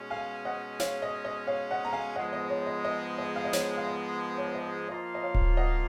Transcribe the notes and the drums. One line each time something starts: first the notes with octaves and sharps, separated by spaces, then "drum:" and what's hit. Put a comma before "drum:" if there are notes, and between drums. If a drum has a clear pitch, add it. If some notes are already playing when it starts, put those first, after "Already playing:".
Already playing: B2 G#3 C#4
F5 G#5
D#5 F#5
C#5 F5, drum: snare
D#5
D#5
C#5 F5
D#5 F#5
A#5
F5 G#5
G#2 F3 G#3 B3 D#5 F#5
D#5
C#5
D#5
D#5
D#5
F5
D#5
C#5, drum: snare
F5
D#5
C#5
D#5
F3 A#3 F4 D#5
D#5
C#5 F5
drum: kick D1
D#5 F#5